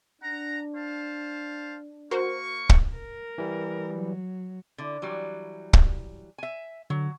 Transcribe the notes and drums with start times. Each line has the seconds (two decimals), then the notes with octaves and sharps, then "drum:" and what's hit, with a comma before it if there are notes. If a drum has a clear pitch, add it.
0.21 D4 F#5 A#5
0.75 C5 F5 A5
2.11 A#3 F#4 A#4 C5 C#6
2.69 drum: kick
2.96 A#4
3.38 E3 G3
3.94 F#3
4.78 D3 E4
5.02 E3 F#3 G3
5.73 drum: kick
6.38 E5 G#5
6.90 D3 F#3